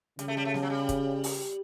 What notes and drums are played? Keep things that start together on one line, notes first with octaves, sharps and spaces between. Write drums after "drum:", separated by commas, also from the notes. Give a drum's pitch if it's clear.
C#3 G3, drum: hi-hat
A3
G3
A3
G3, drum: snare B3
F#3
G3
drum: kick, hi-hat
drum: open hi-hat